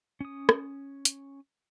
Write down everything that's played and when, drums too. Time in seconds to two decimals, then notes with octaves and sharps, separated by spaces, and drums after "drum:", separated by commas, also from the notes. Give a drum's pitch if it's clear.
0.21 C#4 D#6
0.49 drum: rim click
1.05 drum: hi-hat